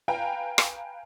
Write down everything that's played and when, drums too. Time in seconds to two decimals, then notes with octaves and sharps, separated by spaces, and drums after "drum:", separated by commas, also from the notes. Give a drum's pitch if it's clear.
0.08 B4 F5 G5 G#5 A#5
0.58 drum: rim click